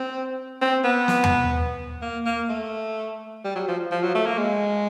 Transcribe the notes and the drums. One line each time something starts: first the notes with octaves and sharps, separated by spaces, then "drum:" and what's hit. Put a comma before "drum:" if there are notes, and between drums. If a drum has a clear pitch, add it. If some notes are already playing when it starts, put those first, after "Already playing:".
Already playing: C4
C4
B3
drum: snare
drum: tom E2
A#3
A#3
A3
G3
F#3
F3
F3
F#3
A3
A#3
G#3